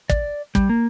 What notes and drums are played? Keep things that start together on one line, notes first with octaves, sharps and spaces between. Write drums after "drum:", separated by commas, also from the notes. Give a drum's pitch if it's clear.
D5, drum: kick
G3, drum: kick
A#3